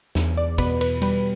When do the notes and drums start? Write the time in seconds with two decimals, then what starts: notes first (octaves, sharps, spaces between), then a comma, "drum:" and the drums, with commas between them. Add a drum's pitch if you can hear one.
0.15 E2, drum: snare
0.37 D5
0.58 B2 B4, drum: kick, cymbal
0.81 B4, drum: cymbal
1.02 G3 B4, drum: cymbal